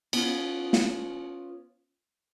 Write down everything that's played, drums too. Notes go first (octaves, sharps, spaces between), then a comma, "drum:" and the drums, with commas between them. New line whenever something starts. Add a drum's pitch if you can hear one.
B3 C#4 F4, drum: cymbal
drum: snare